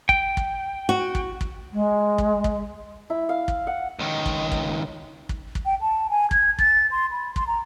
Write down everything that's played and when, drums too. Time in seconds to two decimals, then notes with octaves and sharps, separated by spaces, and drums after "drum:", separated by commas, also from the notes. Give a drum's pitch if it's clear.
0.09 G5, drum: kick
0.37 drum: kick
0.89 F#4
1.15 drum: kick
1.41 drum: kick
1.72 G#3
2.18 drum: kick
2.44 drum: kick
3.10 E4
3.29 F5
3.48 drum: kick
3.67 F#5
3.99 C#2 D#3
4.26 drum: kick
4.52 drum: kick
5.29 drum: kick
5.55 drum: kick
5.66 G5
5.81 A5
6.10 G#5
6.31 G#6, drum: kick
6.59 A6, drum: kick
6.91 C6
7.11 B5
7.36 C6, drum: kick
7.47 A#5